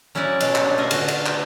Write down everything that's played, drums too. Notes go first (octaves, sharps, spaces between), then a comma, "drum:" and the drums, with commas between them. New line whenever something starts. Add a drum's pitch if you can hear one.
F#3 C#4 E4 F#4 D5 G#5
B2 F#3 G#3, drum: cymbal
drum: clap
D4
C#3 F4 D#5 G#5
D3 A3 F#4, drum: cymbal
drum: cymbal
drum: clap